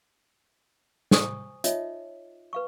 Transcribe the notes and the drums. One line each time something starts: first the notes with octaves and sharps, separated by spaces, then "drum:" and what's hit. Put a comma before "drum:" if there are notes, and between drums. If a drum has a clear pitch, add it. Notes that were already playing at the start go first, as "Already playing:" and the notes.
C5 G#5 C#6 D#6, drum: snare
D#4 F4 C#5 D#5 E5, drum: hi-hat
B4 F5 C#6